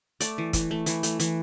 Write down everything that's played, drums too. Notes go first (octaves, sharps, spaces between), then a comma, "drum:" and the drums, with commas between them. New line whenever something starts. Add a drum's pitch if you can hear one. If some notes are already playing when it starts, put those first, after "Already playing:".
A3 D5, drum: hi-hat
E3
E3, drum: kick, hi-hat
A3
E3, drum: hi-hat
A3, drum: hi-hat
E3, drum: hi-hat